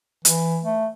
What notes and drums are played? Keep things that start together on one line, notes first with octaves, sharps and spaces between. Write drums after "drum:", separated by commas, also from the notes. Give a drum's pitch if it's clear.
E3, drum: hi-hat
A3